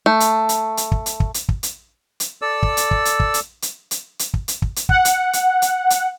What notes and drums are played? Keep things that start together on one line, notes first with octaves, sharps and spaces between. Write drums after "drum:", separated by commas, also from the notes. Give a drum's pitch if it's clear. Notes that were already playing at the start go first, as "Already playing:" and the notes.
A3
drum: hi-hat
drum: hi-hat
drum: hi-hat
drum: kick
drum: hi-hat
drum: kick
drum: hi-hat
drum: kick
drum: hi-hat
drum: hi-hat
A4 D5 E6
drum: kick
drum: hi-hat
drum: kick
drum: hi-hat
drum: kick
drum: hi-hat
drum: hi-hat
drum: hi-hat
drum: hi-hat
drum: kick
drum: hi-hat
drum: kick
drum: hi-hat
F#5, drum: kick
drum: hi-hat
drum: hi-hat
drum: hi-hat
drum: hi-hat